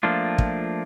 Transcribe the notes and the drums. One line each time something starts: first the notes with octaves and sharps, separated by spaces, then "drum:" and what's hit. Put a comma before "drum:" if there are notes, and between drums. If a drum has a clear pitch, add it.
F3 A3 A#3 D4 F4
drum: kick